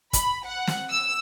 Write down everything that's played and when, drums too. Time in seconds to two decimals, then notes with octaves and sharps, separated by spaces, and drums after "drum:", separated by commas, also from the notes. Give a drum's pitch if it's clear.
0.13 B5, drum: kick, hi-hat
0.46 F#5
0.67 drum: snare
0.90 E6